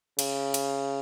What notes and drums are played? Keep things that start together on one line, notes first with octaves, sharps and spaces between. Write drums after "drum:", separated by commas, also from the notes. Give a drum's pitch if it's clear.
C#3, drum: cymbal
drum: cymbal